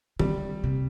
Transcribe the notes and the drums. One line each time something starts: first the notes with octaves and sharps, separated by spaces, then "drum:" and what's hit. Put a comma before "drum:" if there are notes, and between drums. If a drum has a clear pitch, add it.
D3 G3, drum: tom D#3
C3